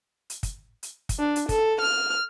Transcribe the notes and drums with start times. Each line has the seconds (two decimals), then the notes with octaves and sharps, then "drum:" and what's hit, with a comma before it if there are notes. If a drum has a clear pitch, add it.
0.30 drum: hi-hat
0.43 drum: kick, hi-hat
0.83 drum: hi-hat
1.09 drum: kick, hi-hat
1.19 D4
1.36 drum: hi-hat
1.49 A4, drum: kick, hi-hat
1.81 F6